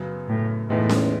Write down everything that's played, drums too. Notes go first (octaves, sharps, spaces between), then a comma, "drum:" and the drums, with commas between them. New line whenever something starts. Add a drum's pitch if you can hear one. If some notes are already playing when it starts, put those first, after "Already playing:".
Already playing: F#2 C#3 F#3 B3
A2
E2 A2 D#3 G#3 B3 E4
drum: snare C#4